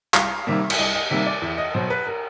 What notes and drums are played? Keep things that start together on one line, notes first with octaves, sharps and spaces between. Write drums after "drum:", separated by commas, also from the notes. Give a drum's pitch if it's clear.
C2 F5, drum: clap
C3 D#3 G3 A#3 E5
E5, drum: cymbal
C2 D#5
D#5
C3 D#3 G3 A#3 E5
D5
E2 E5
D#5
B2 F#3 C5
B4
A#4